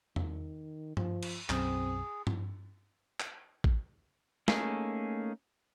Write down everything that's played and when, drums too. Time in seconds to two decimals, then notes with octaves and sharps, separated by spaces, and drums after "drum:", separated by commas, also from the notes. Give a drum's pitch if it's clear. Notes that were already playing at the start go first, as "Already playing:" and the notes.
0.16 D#3, drum: tom E2
0.97 F3, drum: tom G2
1.23 drum: cymbal
1.50 B1 F#2 C4 G#4, drum: clap
2.27 drum: tom G2
3.20 drum: clap
3.64 drum: kick A1
4.48 A3 A#3 C#4 D#4 G#4, drum: snare